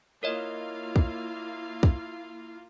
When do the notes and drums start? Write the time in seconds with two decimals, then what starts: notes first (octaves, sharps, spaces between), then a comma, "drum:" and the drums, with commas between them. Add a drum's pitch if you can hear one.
0.23 A#3 E4 F4 A#4 C#5 D#5 F5
0.96 drum: kick
1.83 drum: kick